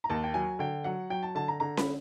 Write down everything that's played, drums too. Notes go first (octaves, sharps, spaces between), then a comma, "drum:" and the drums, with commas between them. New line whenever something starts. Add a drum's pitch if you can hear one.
A#5
D#2 A5
G5
F#3 G#5
D3 G5
F#3 F#5
F#3 G5
A5
D3 A5
A#5
D3 A#5
B5, drum: snare C#4